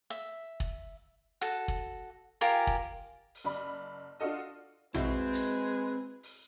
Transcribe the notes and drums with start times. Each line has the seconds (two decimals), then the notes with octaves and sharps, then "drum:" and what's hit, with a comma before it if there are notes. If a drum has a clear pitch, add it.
0.10 E5
0.60 drum: kick
1.41 F#4 A4
1.68 drum: kick
2.41 F4 G4 A#4 G#5
2.67 drum: kick
3.35 drum: open hi-hat
3.44 F#1 D5 B5
4.20 D4 F4 F#4 A4 D#5
4.94 G#3 C4 E4 F#4 B4 D#5, drum: tom
5.33 drum: hi-hat
6.23 drum: open hi-hat